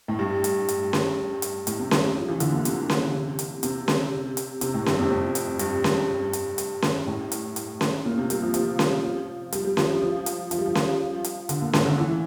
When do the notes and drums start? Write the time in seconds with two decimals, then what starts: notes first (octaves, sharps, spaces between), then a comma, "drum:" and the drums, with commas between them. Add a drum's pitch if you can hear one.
0.08 A2
0.19 G2
0.44 drum: hi-hat
0.69 drum: hi-hat
0.93 drum: snare C#4
1.42 drum: hi-hat
1.67 A2, drum: hi-hat
1.79 C3
1.91 G3, drum: snare C#4
2.04 G3
2.16 F3
2.28 E3
2.40 D3, drum: hi-hat
2.52 A#2
2.65 C3, drum: hi-hat
2.90 drum: snare C#4
3.39 drum: hi-hat
3.63 C3, drum: hi-hat
3.88 drum: snare C#4
4.37 drum: hi-hat
4.61 C3, drum: hi-hat
4.74 A2
4.86 G2, drum: snare C#4
4.99 F2
5.10 F2
5.35 drum: hi-hat
5.59 G2, drum: hi-hat
5.84 drum: snare C#4
6.33 drum: hi-hat
6.58 drum: hi-hat
6.82 drum: snare C#4
7.07 A2
7.32 drum: hi-hat
7.56 drum: hi-hat
7.81 drum: snare C#4
8.05 A#2
8.18 C3
8.30 G3, drum: hi-hat
8.42 F3
8.54 F3, drum: hi-hat
8.79 drum: snare C#4
9.52 G3, drum: hi-hat
9.64 G3
9.77 F3, drum: snare C#4
9.89 F3
10.01 F3
10.26 drum: hi-hat
10.51 F3, drum: hi-hat
10.58 G3
10.66 F3
10.75 drum: snare C#4
11.24 drum: hi-hat
11.49 D3, drum: hi-hat
11.61 A#2
11.73 A2, drum: snare C#4
11.86 D3
11.98 E3